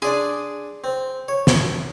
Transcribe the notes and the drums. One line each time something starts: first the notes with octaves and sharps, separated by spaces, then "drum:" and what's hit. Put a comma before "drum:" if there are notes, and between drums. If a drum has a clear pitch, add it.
D4 G#4 D5 C6
C4
C#5
drum: snare